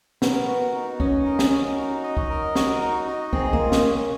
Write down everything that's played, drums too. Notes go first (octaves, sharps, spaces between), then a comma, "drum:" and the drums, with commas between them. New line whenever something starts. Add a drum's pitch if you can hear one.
B3 A#4, drum: snare
F#4
D#4
C#4 D#5, drum: kick
A#4
drum: snare
F#4
D#4
D#5
drum: kick
A#4
F#4, drum: snare
D#4
D#5
C4 G#4, drum: kick
A#3, drum: kick
F4
A#3, drum: snare
C#4
A#3